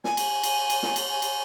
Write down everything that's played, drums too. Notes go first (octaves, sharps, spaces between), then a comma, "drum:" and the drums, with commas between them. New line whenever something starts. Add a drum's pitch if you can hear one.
G#5, drum: snare
drum: cymbal
drum: cymbal
drum: cymbal
drum: snare
drum: cymbal
G#5
drum: cymbal